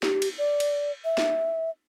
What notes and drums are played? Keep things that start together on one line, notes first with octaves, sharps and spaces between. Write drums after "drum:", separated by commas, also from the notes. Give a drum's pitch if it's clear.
G4, drum: snare
drum: cymbal
D5
drum: cymbal
E5
drum: snare